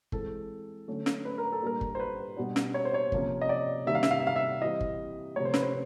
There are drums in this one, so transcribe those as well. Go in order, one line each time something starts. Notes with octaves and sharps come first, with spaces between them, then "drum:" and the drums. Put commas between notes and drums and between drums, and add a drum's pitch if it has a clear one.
E3 G#3 C4 A4, drum: kick G1
D3 F#3 A3 C#4
drum: snare
B4
A#4
A4
A#2 G3 A#3 D4 A#4
drum: kick G1
C5
B4
B2 G3 B3 D4
drum: snare
C#5
C5
C#5
C3 F3 A#3 C#4, drum: kick G1
D#5
D5
C3 D#3 G3 A#3 E5
F5
E5, drum: snare
F5
E5
F5
E5
E3 G3 C4 D#5
drum: kick G1
C3 F3 A3 C#5
C5
B4, drum: snare
C5